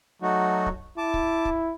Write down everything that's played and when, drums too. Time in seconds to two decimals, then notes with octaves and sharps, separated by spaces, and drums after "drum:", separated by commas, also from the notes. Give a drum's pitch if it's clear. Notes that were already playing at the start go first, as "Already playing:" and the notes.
0.22 F#3 A3 D#4 F#4
0.66 drum: kick
0.98 E4 A5 D6
1.14 drum: kick
1.45 drum: kick